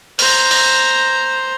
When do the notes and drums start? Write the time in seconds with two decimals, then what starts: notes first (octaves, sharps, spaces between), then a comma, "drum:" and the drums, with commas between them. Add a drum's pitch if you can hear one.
0.19 C5 A#5, drum: open hi-hat
0.51 drum: open hi-hat